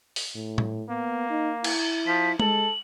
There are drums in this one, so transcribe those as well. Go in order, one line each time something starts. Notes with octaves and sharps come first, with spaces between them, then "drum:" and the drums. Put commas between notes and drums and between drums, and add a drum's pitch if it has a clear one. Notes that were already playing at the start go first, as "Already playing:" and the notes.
drum: open hi-hat
A2
drum: tom A2
A#3 B3
D#4
E4, drum: cymbal
F3 B6
G#3 A4 F#7, drum: tom G#3